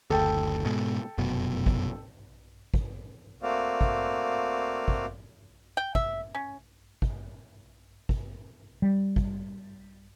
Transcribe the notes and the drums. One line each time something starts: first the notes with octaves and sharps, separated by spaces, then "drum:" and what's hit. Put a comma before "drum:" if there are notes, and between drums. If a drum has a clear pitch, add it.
F#1 D2 A4 G5
G#2 B2
F1 F#2 B2
drum: kick
drum: kick
A3 A#3 C4 F#4 D5 F5
drum: kick
drum: kick
G5
E5, drum: kick
C#4
drum: kick
drum: kick
G3
drum: kick